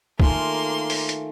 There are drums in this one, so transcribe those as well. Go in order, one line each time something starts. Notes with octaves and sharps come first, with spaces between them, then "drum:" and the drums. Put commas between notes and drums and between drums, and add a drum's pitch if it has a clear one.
D#3 A3 A#3 F4 G#4 C6, drum: kick
drum: open hi-hat
drum: hi-hat